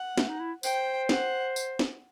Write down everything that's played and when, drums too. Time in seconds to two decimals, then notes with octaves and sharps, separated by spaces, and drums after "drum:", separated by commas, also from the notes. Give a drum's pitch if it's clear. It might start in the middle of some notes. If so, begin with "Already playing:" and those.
Already playing: F#5
0.18 A3, drum: snare
0.28 D#4
0.40 E4
0.63 C5 G5, drum: tambourine
1.09 F#5, drum: snare
1.56 drum: tambourine
1.79 drum: snare